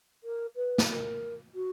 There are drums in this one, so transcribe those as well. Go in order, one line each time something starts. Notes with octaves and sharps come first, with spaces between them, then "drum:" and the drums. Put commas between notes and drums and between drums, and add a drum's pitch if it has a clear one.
A#4
B4
drum: snare
A#4
F#4